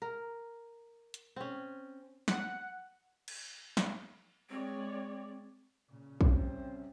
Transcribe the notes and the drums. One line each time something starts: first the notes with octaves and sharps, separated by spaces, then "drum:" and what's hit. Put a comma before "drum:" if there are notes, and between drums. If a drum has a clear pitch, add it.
A#4
drum: hi-hat
C4 C#4
F#5, drum: snare
drum: cymbal
drum: snare
G#3 C4 C#5 D5
A#2 C#3
C2 C3 G3 C4 C#4, drum: kick